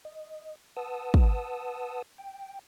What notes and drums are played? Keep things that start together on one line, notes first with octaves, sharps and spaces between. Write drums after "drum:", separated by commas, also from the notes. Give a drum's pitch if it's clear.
D#5
B4 F#5 A5 D#6 E6
drum: kick
G5